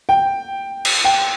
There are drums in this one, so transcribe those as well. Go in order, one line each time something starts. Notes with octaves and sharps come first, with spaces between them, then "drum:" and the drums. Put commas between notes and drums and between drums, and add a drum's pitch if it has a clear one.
G5
drum: cymbal
G5